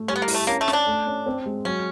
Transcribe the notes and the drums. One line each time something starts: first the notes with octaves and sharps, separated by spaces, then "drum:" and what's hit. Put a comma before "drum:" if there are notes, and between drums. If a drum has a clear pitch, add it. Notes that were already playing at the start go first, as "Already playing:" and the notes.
Already playing: A3
G3 C#4
B3
A#3
E4, drum: open hi-hat
A3
A#3 C#4
A3
C#4, drum: snare
D4
A3
C#4
C4
G#3
F#3 C#4